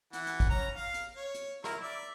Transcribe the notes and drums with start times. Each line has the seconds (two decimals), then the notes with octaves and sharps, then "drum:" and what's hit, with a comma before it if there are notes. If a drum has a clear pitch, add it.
0.13 E3 F#5, drum: hi-hat
0.27 drum: hi-hat
0.40 drum: kick, hi-hat
0.50 C#4 A#5
0.76 F5
0.94 drum: hi-hat
1.16 C#5
1.34 drum: hi-hat
1.64 E4 A#4, drum: rim click
1.83 D5 E5